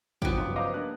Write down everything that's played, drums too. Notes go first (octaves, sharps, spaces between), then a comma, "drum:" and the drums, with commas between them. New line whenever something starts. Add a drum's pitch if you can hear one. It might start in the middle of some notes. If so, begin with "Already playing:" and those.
C#3 F3 F#3 B3 G4, drum: kick
G2 D#4 F4
C5 D#5 F5 A#5 C6 D6
A#3 D4 F#6